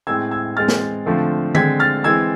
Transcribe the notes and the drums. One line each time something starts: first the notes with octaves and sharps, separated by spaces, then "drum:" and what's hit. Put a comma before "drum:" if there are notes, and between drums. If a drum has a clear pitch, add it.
A2 G#3 C4 E6 G#6
E6 G#6
E3 G#3 C4 F6 A6
drum: snare
D3 F3 A3 C4
D3 G#3 C4 G#6 B6, drum: tom D#3
F6 A6
E3 G#3 C4 E6 G#6